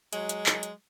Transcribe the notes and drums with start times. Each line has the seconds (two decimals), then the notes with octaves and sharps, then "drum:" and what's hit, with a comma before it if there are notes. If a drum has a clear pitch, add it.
0.13 F#3 G#3, drum: hi-hat
0.29 drum: hi-hat
0.46 drum: clap
0.63 drum: hi-hat